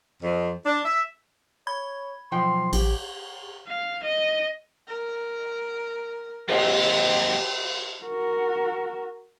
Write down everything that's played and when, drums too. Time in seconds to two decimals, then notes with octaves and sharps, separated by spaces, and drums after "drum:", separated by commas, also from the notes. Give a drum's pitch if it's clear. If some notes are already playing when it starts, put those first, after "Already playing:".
0.22 F2
0.66 D4
0.85 E5
1.67 C#5 B5 G#6
2.32 B1 F3 G5 C6
2.73 A1 G4, drum: cymbal
3.68 F5
4.03 D#5
4.88 A#4
6.49 D#2 C3 G4 D#5, drum: cymbal
8.05 F#4 A#4